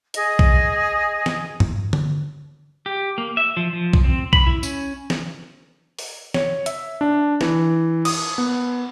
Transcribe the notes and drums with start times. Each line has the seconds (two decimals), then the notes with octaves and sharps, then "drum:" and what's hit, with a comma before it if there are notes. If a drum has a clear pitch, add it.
0.14 G#4 D#5, drum: hi-hat
0.39 drum: kick B1
1.26 drum: snare
1.60 drum: tom G2
1.93 drum: tom D3
2.86 G4
3.18 A#3
3.37 E5
3.57 F3
3.73 F3
3.93 drum: kick B1
4.04 C4
4.33 B5, drum: kick B1
4.47 E4
4.63 C#4, drum: tambourine
5.10 drum: snare
5.99 drum: open hi-hat
6.34 C#5, drum: snare
6.66 E5, drum: hi-hat
7.01 D4
7.41 E3, drum: snare
8.05 D#6, drum: cymbal
8.38 B3